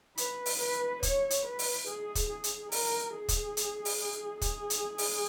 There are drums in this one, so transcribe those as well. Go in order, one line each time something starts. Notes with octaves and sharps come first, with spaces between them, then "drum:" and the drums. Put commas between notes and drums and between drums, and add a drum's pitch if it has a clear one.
B4, drum: hi-hat
drum: open hi-hat
B4
C#5, drum: kick, hi-hat
drum: hi-hat
B4
drum: open hi-hat
G#4
drum: kick, hi-hat
G#4
drum: hi-hat
A#4, drum: open hi-hat
G#4
drum: kick, hi-hat
drum: hi-hat
drum: open hi-hat
G#4, drum: kick, hi-hat
drum: hi-hat
drum: open hi-hat